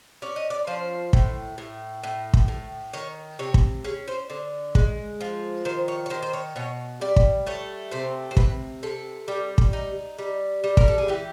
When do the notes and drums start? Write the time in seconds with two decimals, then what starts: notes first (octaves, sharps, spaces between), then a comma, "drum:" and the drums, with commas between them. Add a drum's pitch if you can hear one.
0.22 C#4 D5
0.36 D#5
0.50 D5
0.67 F3 C5
1.13 A2, drum: kick
1.58 A2
2.03 A2
2.34 drum: kick
2.48 A2
2.93 D#3 C#5
3.39 C3 C#5
3.54 drum: kick
3.84 C#4 G#4
4.08 C5
4.30 D3 C5
4.75 G#3, drum: kick
5.21 F3
5.65 D#3 C5
5.88 C#5
6.06 C#5
6.10 D#3 C5
6.22 C5
6.33 C#5
6.56 B2 C#5
7.01 G3 D5
7.16 drum: kick
7.47 A3 C#5
7.91 C3 C5
8.31 C5
8.37 C3 B4, drum: kick
8.83 C3 A4
9.28 G3
9.58 drum: kick
9.73 D#4
10.18 G3
10.64 G3
10.77 A#4, drum: kick
10.88 A4
10.98 G#4
11.08 E3 G4